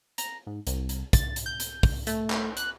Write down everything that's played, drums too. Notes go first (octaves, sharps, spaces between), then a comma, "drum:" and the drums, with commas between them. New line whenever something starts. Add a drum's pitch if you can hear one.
A#5, drum: hi-hat
G#2
C2, drum: hi-hat
drum: hi-hat
A6, drum: kick, hi-hat
drum: hi-hat
G6
drum: hi-hat
drum: kick, open hi-hat
A3, drum: hi-hat
drum: clap
F#6, drum: hi-hat